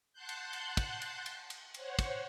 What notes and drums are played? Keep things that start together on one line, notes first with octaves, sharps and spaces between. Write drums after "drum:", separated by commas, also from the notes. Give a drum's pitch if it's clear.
F#5 A5 C6 F#6 G6
drum: cymbal
drum: cymbal
drum: kick, cymbal
drum: cymbal
drum: cymbal
drum: cymbal
C5 C#5 F#5, drum: cymbal
drum: kick, cymbal